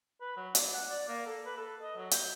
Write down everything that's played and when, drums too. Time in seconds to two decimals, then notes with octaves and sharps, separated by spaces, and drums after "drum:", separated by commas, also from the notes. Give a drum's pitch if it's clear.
0.21 B4
0.36 F#3
0.55 D4, drum: hi-hat
0.73 F#5
0.89 D5
1.08 A#3
1.26 A4
1.46 B4
1.57 A4
1.82 D#5
1.96 F#3
2.11 G5, drum: hi-hat